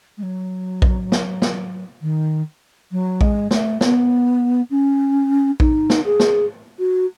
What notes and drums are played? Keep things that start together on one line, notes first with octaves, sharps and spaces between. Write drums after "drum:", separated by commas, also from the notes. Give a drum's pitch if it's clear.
G#3
F#3
drum: kick A#1
drum: snare
drum: snare
D#3
F#3
G#3, drum: kick A#1
A3, drum: snare
B3, drum: snare
C#4
D#4, drum: kick A#1
drum: snare
G#4
drum: snare
F#4